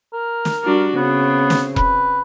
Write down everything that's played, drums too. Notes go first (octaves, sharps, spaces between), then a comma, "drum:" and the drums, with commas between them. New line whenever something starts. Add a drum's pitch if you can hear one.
A#4
drum: snare
G3 D4 F#4
C#3 B3 C4
drum: snare
B4, drum: kick E1